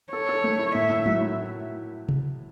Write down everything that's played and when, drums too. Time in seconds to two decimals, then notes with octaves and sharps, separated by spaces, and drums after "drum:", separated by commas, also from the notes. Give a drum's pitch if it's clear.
0.13 A4 C#5
0.29 A4
0.44 A3
0.59 E4
0.75 A2 E5
0.89 A2
1.06 F#3, drum: tom G#3
1.21 E4
2.09 drum: tom C3